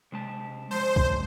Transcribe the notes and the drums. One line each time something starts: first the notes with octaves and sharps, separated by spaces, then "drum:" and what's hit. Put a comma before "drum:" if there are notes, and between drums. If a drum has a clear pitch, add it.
C3 G#3 A5
F3 G#3 C5 A5
drum: kick C2